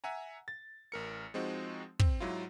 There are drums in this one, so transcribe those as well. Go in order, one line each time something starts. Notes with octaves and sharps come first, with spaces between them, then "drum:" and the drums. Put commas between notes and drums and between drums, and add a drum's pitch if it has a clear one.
E5 F#5 G#5 A#5
A6
A1 A#4 C#7
F3 G#3 C4 D#4 F#4
C4, drum: kick
G#2 F#3 E4 F4